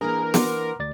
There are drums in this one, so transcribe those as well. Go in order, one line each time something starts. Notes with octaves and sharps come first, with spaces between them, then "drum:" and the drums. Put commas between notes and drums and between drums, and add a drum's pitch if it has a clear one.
E3 A#3 D4 G#4 A#4
F#5 C6 D6, drum: snare
D2 D5 A6